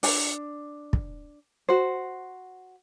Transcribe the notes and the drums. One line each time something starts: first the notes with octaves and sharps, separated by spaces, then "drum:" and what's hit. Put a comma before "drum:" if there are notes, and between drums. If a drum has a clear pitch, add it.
D4, drum: open hi-hat
drum: kick
F#4 C5